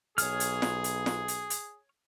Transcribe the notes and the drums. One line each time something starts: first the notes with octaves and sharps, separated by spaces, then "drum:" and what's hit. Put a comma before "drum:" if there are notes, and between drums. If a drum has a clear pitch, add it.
B1 G#4 C#5 F6, drum: hi-hat
drum: hi-hat
drum: snare
drum: hi-hat
drum: snare
drum: hi-hat
drum: hi-hat